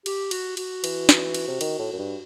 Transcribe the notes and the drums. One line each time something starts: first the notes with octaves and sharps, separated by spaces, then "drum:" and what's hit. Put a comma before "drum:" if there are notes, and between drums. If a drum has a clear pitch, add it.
G4, drum: cymbal
F#4, drum: cymbal
F#4, drum: cymbal
E3, drum: cymbal
drum: snare
drum: cymbal
C3
D#3, drum: cymbal
A2
F#2
G2